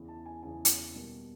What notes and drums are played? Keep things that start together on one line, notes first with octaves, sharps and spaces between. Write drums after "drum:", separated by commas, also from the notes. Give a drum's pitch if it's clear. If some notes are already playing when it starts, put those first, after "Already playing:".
Already playing: E2 C#3 E3
A5
G#5
E2 C#3 E3 G#5
drum: hi-hat
B2 G3 A#3